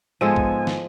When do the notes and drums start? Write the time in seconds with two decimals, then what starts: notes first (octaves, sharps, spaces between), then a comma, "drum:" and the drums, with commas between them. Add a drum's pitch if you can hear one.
0.21 G#2 F3 G#3 B3 A4 G#5 E6 D#7
0.36 drum: kick
0.67 drum: snare